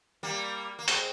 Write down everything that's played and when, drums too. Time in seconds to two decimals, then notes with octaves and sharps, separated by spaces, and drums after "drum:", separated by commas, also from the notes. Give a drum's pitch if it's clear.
0.23 G3 A#3
0.79 A#3
0.88 G#3 C4, drum: hi-hat